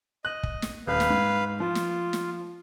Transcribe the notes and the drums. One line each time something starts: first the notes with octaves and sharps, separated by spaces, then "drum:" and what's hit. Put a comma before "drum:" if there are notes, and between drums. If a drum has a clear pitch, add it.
D#5 F#6
drum: kick
drum: snare
D#1 B4 F5
drum: snare
G#2
F3 F4
drum: snare
drum: snare